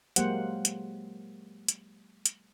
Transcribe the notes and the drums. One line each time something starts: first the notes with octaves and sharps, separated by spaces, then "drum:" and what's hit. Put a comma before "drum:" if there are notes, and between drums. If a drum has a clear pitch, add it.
F#3 G#3 A#3 G4 C5 F#5, drum: hi-hat
drum: hi-hat
drum: hi-hat
drum: hi-hat